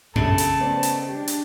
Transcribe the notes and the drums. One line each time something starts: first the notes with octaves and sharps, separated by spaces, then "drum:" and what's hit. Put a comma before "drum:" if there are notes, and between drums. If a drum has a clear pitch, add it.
A#1 E2 G2 C#3 A4 A5, drum: tom F#2
drum: hi-hat
D#3 F3 A3 B3 C4 D5
drum: hi-hat
G#3 D4 G4
drum: hi-hat